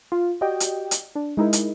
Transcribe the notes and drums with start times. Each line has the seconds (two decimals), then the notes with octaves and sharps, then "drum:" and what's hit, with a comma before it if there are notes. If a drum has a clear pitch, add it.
0.12 F4
0.41 F#4 G4 D5 D#5 G5
0.60 drum: hi-hat
0.91 drum: hi-hat
1.15 D4
1.37 G#3 D#4 E4 A#4
1.53 drum: hi-hat